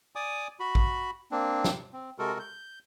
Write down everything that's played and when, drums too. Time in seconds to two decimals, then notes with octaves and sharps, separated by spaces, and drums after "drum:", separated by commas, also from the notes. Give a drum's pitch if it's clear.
0.16 D5 G#5 D6 D#6
0.60 F#4 B5
0.75 drum: kick A1
1.32 A#3 C4 D4
1.64 drum: snare
1.93 C4
2.19 C3 G#3 F#4 A4 A#4
2.39 G6